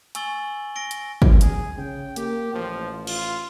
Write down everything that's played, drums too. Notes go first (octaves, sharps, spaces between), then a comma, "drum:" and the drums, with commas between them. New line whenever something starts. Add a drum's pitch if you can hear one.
G#5 C#6 E6 A6 F#7 G7, drum: hi-hat
E6 A#6 D7 G7
drum: hi-hat
drum: kick
G#4, drum: hi-hat
C#3 G5
A#3 G4, drum: hi-hat
A1 F3
F4, drum: cymbal